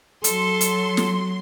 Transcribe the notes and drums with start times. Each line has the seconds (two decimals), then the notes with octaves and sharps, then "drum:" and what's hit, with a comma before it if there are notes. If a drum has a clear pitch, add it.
0.24 F#3 A4 C6, drum: hi-hat
0.61 drum: hi-hat
0.97 drum: snare